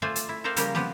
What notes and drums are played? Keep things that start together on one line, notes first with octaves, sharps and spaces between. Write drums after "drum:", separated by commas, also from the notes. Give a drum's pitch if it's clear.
A3 F4 C5 D5 G#5
A5, drum: hi-hat
E4
A4 A#4 C5 D5 F5 G5
C#3 F3 G3 A#3 G4 A#4, drum: hi-hat
F3 B3 G4, drum: snare